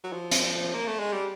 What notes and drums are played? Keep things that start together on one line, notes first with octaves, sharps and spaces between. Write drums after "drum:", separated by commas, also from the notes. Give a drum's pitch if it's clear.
F#3
F3
drum: hi-hat
A#3
A3
G#3
G3